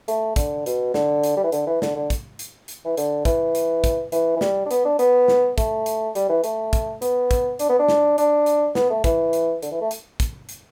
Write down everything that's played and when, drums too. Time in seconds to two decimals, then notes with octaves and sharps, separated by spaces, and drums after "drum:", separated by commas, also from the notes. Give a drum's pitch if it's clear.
0.08 A3, drum: hi-hat
0.36 D3, drum: kick, hi-hat
0.66 B2, drum: hi-hat
0.94 D3, drum: snare
1.24 drum: hi-hat
1.37 G3
1.44 E3
1.52 D3, drum: hi-hat
1.67 E3
1.82 D3, drum: snare
1.96 D3
2.10 drum: kick, hi-hat
2.39 drum: hi-hat
2.68 drum: hi-hat
2.85 E3
2.97 D3, drum: hi-hat
3.25 E3, drum: kick, hi-hat
3.55 drum: hi-hat
3.84 drum: kick, hi-hat
4.12 E3, drum: hi-hat
4.37 E3
4.41 G3, drum: snare
4.66 D4
4.71 B3, drum: hi-hat
4.85 D4
4.99 B3, drum: hi-hat
5.28 drum: snare
5.58 A3, drum: kick, hi-hat
5.86 drum: hi-hat
6.15 G3, drum: hi-hat
6.29 E3
6.44 A3, drum: hi-hat
6.73 drum: kick, hi-hat
7.02 B3, drum: hi-hat
7.31 drum: kick, hi-hat
7.59 D4, drum: hi-hat
7.69 B3
7.79 D4
7.88 drum: snare
8.18 D4, drum: hi-hat
8.46 drum: hi-hat
8.75 B3, drum: snare
8.90 A3
9.04 E3, drum: kick, hi-hat
9.33 drum: hi-hat
9.62 D3, drum: hi-hat
9.71 E3
9.81 A3
9.91 drum: hi-hat
10.20 drum: kick, hi-hat
10.49 drum: hi-hat